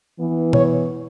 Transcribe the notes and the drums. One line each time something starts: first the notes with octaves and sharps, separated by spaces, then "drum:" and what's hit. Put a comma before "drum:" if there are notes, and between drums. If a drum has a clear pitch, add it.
E3 B3
C#5, drum: tom B2